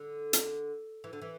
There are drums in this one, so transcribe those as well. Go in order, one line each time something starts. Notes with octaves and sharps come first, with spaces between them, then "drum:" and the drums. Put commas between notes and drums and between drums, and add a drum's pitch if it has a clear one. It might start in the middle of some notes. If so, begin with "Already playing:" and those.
Already playing: D3
drum: hi-hat
E3
D3
E3